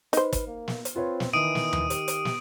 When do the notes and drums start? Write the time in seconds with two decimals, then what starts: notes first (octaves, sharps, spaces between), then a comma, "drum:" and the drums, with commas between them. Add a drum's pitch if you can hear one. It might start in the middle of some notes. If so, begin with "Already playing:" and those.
0.13 D#4 B4 C5, drum: hi-hat
0.33 drum: kick, hi-hat
0.47 A#3
0.68 drum: snare
0.85 drum: hi-hat
0.96 C4 F4 B4 C#5
1.20 drum: snare
1.33 D#3 E3 D#6 D7 D#7
1.55 drum: snare
1.73 drum: tom D#2
1.90 G4, drum: hi-hat
2.08 drum: hi-hat
2.25 drum: snare